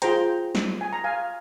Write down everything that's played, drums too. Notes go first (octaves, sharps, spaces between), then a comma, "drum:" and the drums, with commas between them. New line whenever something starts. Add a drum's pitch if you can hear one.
F4 G#4 C5 G5 A#5, drum: hi-hat
drum: snare
G#5
A#5
F5 G#5